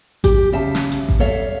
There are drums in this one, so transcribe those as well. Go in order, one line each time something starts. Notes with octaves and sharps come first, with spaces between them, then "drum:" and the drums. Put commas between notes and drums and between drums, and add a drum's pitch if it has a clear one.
G4, drum: kick A1, hi-hat
C#3 E5 A5
drum: snare
drum: hi-hat
drum: kick A1
A4 C#5 E5 F5